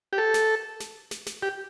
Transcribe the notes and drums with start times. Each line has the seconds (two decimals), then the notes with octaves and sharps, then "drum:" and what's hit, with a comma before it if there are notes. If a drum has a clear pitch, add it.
0.13 G4
0.18 A4
0.34 drum: snare
0.80 drum: snare
1.11 drum: snare
1.26 drum: snare
1.42 G4